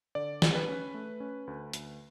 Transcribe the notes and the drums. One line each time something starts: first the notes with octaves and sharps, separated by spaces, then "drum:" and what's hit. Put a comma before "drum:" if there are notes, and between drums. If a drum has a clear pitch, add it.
D3 D5
D2, drum: snare
B4
C#4
A3
C#4
D2
D2, drum: hi-hat